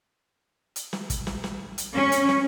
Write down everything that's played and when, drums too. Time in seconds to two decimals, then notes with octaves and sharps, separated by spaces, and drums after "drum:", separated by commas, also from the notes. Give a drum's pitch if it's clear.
0.76 drum: hi-hat
0.93 drum: snare
1.10 drum: kick, hi-hat
1.27 drum: snare
1.44 drum: snare
1.78 drum: hi-hat
1.95 C#4
2.12 drum: hi-hat
2.29 drum: snare